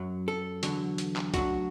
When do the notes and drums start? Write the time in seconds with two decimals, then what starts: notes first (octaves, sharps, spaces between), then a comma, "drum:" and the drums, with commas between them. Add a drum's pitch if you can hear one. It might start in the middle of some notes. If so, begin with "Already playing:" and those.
Already playing: F#2 F#3
0.28 A4
0.63 E2 D3 F#3, drum: hi-hat
0.98 drum: hi-hat
1.16 drum: clap
1.34 D2 D3 F#3 F#4, drum: kick C2, hi-hat